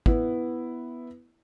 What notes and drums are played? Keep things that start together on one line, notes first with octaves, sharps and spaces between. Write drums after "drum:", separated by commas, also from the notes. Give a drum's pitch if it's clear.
B3 E4 B4, drum: kick